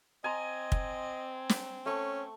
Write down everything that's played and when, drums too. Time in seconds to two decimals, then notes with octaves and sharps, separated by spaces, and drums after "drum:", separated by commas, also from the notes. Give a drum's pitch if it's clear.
0.24 C4 D#5 G#5 A#5 C6
0.72 drum: kick
1.49 drum: snare
1.86 A3 C#4 C#6